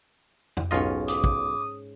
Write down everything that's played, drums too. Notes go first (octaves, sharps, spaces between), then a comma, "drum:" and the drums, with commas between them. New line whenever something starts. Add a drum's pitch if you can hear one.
drum: tom
B1 G#2 C#4 F4 D#5
D6 D#6, drum: hi-hat
drum: kick